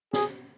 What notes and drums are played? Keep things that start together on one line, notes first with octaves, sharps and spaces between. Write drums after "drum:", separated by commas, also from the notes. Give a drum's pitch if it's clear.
G#4, drum: snare